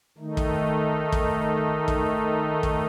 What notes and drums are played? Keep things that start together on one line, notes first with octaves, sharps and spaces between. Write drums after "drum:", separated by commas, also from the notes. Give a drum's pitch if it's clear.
D#3 A3 D#4
drum: kick
drum: kick
drum: kick
drum: kick